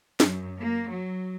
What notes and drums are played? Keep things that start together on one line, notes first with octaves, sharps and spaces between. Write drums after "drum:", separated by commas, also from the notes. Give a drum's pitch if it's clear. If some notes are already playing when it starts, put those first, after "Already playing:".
F#2, drum: snare
A#3
F#3